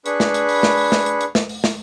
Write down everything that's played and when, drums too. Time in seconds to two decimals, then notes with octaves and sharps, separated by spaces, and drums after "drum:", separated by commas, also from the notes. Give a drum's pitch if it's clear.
0.06 D4 G#4 B4 B5 C#6, drum: hi-hat
0.20 drum: snare
0.34 drum: hi-hat
0.49 drum: open hi-hat
0.63 drum: snare
0.77 drum: open hi-hat
0.92 drum: snare
1.06 drum: hi-hat
1.21 drum: hi-hat
1.35 drum: snare
1.49 drum: open hi-hat
1.64 drum: snare